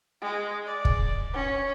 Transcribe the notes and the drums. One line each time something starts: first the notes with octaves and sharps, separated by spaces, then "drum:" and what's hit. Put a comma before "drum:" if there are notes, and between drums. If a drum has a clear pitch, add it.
G#3
D5
drum: kick
C#4